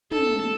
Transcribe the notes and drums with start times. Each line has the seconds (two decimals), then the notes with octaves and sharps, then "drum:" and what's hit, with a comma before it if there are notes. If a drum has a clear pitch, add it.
0.11 A4, drum: tom